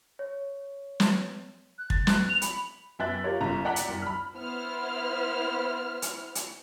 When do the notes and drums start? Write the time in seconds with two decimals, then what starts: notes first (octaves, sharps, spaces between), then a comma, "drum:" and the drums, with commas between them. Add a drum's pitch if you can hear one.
0.19 C#5
1.00 drum: snare
1.78 F#6
1.90 A6, drum: kick
2.07 F#6, drum: snare
2.29 F7
2.42 B5, drum: hi-hat
2.99 F#2 B3 E5 G5 F#6 A6
3.24 F4 G4 A#4 C#5
3.41 G1 C#3 A#5
3.65 D5 F#5 G5 A#5 F#6 B6
3.76 drum: hi-hat
3.88 C2 F#2
4.02 B5 F6
4.35 B3 E4 C5 F6
6.02 drum: hi-hat
6.35 drum: hi-hat